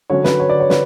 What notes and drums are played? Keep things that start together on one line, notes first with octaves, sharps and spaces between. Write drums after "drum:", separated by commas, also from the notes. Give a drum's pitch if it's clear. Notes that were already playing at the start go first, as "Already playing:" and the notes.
D3 F#3 C#4 C#5
B4, drum: snare
C#5
D5
C#5
B4, drum: snare